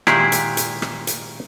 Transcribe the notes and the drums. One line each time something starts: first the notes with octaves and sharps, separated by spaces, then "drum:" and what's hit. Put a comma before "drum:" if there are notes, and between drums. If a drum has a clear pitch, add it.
A#2 D#3 G#3 E4 G4 G#4, drum: rim click
drum: hi-hat
drum: hi-hat
drum: rim click
drum: hi-hat